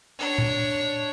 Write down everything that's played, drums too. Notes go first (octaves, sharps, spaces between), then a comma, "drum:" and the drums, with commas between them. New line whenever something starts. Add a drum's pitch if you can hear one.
D4 C#5
drum: tom A#2